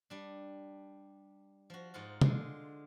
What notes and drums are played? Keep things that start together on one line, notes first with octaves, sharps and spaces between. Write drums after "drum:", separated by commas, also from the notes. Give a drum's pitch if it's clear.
G3 D4
F3 F#4
G#2 D#4 F4 F#5
D3 G#3 F4, drum: tom